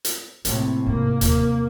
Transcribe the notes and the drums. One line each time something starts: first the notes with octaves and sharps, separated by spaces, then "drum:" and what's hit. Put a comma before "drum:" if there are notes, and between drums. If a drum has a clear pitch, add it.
drum: hi-hat
A2 C3 A#3, drum: hi-hat
G#2 C3 A#3
D#2 C3 A#3, drum: hi-hat